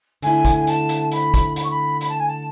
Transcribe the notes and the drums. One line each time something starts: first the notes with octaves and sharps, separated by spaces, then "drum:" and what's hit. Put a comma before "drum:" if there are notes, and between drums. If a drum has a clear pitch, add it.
D3 A3 E4 G#5, drum: hi-hat
drum: kick, hi-hat
G#5
A5, drum: hi-hat
drum: hi-hat
B5, drum: hi-hat
drum: kick, hi-hat
B5, drum: hi-hat
C#6
B5
B5, drum: hi-hat
A5
G#5
A5